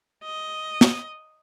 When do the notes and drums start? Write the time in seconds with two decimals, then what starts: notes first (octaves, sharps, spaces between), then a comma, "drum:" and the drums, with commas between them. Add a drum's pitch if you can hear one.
0.24 D#5
0.81 drum: snare